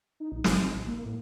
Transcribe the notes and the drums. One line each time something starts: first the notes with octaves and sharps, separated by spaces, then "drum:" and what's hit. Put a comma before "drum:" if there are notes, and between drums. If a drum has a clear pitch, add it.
D#4
A#1
F#1, drum: snare
D#4
A1
A#3
A2